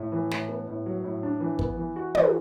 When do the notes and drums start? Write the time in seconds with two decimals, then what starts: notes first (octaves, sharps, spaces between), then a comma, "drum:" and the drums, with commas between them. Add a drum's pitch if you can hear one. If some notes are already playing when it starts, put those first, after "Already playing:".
Already playing: A2
0.12 E3
0.31 A2, drum: snare
0.49 B3
0.68 A2
0.86 F#3
1.04 A2
1.23 D4
1.40 E3
1.59 B3, drum: kick
1.77 E3
1.96 F#4
2.15 E3, drum: tom